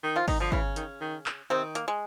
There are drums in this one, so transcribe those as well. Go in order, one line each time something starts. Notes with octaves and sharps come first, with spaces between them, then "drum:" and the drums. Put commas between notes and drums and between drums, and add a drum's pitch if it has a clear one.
D#3
F3 F4
D#3 D#4, drum: kick, open hi-hat
D3 F3 D4
C#3 E3 C#4, drum: kick
D#3, drum: hi-hat
D#3
drum: clap
C3 D#3 C4
A#3, drum: hi-hat
G#3